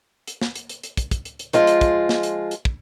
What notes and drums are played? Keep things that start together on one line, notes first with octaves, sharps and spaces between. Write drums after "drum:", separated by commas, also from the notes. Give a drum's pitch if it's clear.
drum: hi-hat
drum: snare
drum: hi-hat
drum: hi-hat
drum: hi-hat
drum: kick, hi-hat
drum: kick, hi-hat
drum: hi-hat
drum: hi-hat
F3 G#3 F4, drum: hi-hat
drum: hi-hat
drum: kick, hi-hat
drum: snare
drum: hi-hat
drum: hi-hat
drum: kick